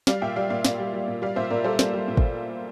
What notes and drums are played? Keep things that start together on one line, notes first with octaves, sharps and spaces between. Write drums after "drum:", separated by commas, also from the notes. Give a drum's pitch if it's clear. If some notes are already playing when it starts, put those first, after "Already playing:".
G3 D5 F5, drum: snare
A#2 E5 G5
G3 D5 F5
A#2 D5 F5
A#2 D5 F5, drum: snare
G3
G3
A#2
G3 D5 F5
A#2 C5 E5
A#2 A#4 D5
G3 A4 C5
G3 A4 C5, drum: snare
G3
A#2
drum: kick G#1